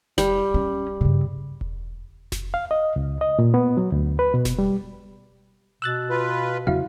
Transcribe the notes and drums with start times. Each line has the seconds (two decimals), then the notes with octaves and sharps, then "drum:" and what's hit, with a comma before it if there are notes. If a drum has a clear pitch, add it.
0.18 G3, drum: snare F1
0.54 C#4
1.01 G2 C#3
1.61 drum: kick E1
2.32 drum: snare F1
2.54 F5
2.71 D#5
2.96 C#2
3.21 D#5
3.39 A#2
3.54 B3
3.77 F#3
3.92 D2
4.19 B4
4.34 B2
4.45 drum: snare F1
4.59 G3
5.82 B2 E6 F#6 A6
6.10 F4 B4
6.67 E2 C#3 F#3 E4 F#4 F5